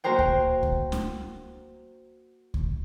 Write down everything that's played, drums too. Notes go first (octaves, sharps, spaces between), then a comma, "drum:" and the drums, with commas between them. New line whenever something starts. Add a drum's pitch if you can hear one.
A#3 F#4 A#4 C5 G5
drum: kick C#2
drum: kick C#2
drum: snare
drum: kick C#2